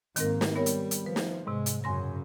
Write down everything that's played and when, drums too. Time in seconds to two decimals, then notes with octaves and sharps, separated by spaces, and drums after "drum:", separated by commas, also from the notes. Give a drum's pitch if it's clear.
0.16 G#2 D#3 A#3 C4 A#4, drum: hi-hat
0.41 drum: snare
0.56 G3 B3 A#4 C#5
0.66 drum: hi-hat
0.91 drum: hi-hat
1.06 F3 B4
1.16 drum: snare
1.47 G#2 C3 G#3
1.66 drum: hi-hat
1.84 F#2 C#3 G#5 C6 A#6